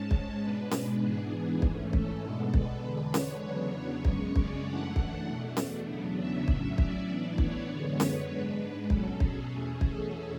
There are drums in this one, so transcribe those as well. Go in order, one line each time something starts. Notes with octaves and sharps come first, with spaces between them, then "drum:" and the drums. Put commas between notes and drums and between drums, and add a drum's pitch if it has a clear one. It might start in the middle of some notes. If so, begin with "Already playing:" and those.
Already playing: G#2 G#3 C#4 A5
drum: kick
B2 G#3 D4 B4
drum: snare C#4
G#2 E3 B3 D4 G#4
G#2 E3 A3 C#4, drum: kick
A4, drum: kick
B2 G#3 B3 D4
B4, drum: kick
E2 D3 G#3 D4
C#5, drum: snare C#4
E2 C#3 F#3 B3 D4
C#5
F#2 C#3 G#3 C#4, drum: kick
D5, drum: kick
F#2 E3 A3 D4 F#5
drum: kick
E2 B2 A3 D4
drum: snare C#4
E2 C#3 F#3 B3 D4
E5
A2 F#3 C#4 E5, drum: kick
D5, drum: kick
A2 E3 B3 D4 D5
C#5, drum: kick
F#2 D3 G#3 B3
B4, drum: snare C#4
G#2 G#3 D4
B2 F#3 C#4 A4, drum: kick
G#4, drum: kick
E2 B2 A3 C#4
A4, drum: kick